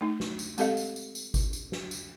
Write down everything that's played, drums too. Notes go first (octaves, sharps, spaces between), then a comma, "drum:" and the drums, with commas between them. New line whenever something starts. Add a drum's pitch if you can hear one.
A3 D#4
drum: snare
drum: tambourine
G#3 C4 G4 A4 D#5 F5, drum: tambourine
drum: tambourine
drum: tambourine
drum: tambourine
drum: kick G1, tambourine
drum: tambourine
drum: snare
drum: tambourine